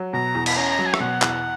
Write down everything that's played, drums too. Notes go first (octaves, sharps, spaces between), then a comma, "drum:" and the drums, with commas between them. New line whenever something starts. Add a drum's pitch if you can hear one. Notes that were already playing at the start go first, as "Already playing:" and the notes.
Already playing: F#3
B2 A#5
E2
B5, drum: cymbal
C#4 A#5
A#5
F#3
G#5
E5, drum: rim click
B2 F#5
E2, drum: clap